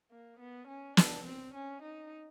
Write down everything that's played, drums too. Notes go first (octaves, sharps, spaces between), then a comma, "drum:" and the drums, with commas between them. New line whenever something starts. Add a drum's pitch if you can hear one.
A#3
B3
C#4
D4, drum: snare
C4
C#4
D#4